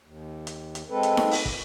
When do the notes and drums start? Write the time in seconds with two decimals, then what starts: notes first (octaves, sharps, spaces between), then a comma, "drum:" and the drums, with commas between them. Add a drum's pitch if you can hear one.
0.02 D#2
0.47 drum: hi-hat
0.75 drum: hi-hat
0.89 G#3 C4 A4 B4
1.03 drum: hi-hat
1.17 drum: snare D#4
1.31 drum: open hi-hat
1.45 drum: kick